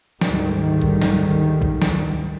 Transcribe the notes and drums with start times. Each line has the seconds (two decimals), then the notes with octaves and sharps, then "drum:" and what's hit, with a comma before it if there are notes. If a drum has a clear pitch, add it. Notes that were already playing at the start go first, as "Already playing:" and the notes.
0.21 D2 G#2 D#3 G3, drum: snare
0.82 drum: kick
1.02 drum: snare
1.62 drum: kick
1.82 drum: snare